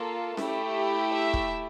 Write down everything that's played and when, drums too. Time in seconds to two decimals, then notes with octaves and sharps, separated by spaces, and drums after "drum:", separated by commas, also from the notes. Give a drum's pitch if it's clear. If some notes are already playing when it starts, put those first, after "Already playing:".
Already playing: A#3 F4 A4
0.37 A3 E4 G4, drum: snare C#4
1.12 E5
1.34 drum: kick